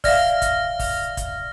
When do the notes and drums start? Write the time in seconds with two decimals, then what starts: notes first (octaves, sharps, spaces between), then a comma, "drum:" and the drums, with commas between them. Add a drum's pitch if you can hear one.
0.04 D5 E5 F5 F6 A#6, drum: kick, open hi-hat
0.42 drum: kick, hi-hat
0.79 drum: kick, open hi-hat
1.17 drum: kick, hi-hat